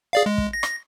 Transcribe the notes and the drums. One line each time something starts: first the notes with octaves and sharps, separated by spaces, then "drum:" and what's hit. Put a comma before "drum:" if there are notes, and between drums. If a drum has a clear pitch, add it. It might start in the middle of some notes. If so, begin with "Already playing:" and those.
G#4 D5 F5
G#3
drum: kick
A#6
drum: rim click